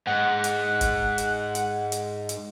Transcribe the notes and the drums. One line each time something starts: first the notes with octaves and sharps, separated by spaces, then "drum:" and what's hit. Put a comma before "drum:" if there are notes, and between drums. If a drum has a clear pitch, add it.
G#2 F#5
drum: hi-hat
drum: kick, hi-hat
drum: hi-hat
drum: hi-hat
drum: hi-hat
drum: hi-hat